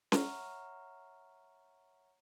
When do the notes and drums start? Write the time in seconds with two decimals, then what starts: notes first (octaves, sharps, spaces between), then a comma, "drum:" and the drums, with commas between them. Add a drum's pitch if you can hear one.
0.12 C#5 E5 F#5 A#5 C#6 F6, drum: snare C#4